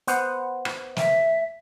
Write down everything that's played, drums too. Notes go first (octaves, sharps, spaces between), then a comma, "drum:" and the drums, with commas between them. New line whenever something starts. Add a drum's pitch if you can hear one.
B3 C5 F#5, drum: hi-hat
drum: rim click
E5, drum: snare